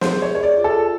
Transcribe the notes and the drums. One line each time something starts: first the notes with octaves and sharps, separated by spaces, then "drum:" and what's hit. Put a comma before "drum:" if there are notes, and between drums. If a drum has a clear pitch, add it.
G#4 C5, drum: snare
C#5
G#4
C#5
D5
F4
A4